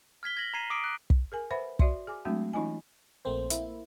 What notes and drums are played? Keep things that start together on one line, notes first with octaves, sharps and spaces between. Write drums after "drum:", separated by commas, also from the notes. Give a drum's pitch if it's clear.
F6 G#6 B6 G7
G#6 A#6 F#7
A#5 G#6 C7 D#7
D6 D#6 C7 D7
F#6
drum: kick
G#4 A#4 G#5
B4 C5 E5 F#5 B5
F#4 D5 E5 C6, drum: kick
G#4 G#5 D6
F#3 G#3 A3 C4 D4 F#4
E3 C#4 D#4 F4 D#5 G#5
A#1 A3 A#3 C4 C5
A#3 E4, drum: hi-hat